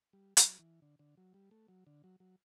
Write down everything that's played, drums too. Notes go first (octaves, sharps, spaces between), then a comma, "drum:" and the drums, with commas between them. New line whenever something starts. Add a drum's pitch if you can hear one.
G3
F#3, drum: hi-hat
E3
D3
D3
F#3
G3
A3
F#3
D3
F#3
F#3